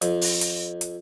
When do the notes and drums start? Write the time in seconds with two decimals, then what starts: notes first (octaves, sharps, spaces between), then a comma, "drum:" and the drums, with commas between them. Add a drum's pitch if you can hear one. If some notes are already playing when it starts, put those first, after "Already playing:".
0.02 F2, drum: hi-hat
0.21 drum: open hi-hat
0.41 drum: hi-hat
0.81 drum: hi-hat